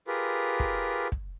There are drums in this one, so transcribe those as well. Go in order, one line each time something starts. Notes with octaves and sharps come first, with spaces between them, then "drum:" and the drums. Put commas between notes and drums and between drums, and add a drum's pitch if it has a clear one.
F4 G4 G#4 A#4 B4
drum: kick
drum: kick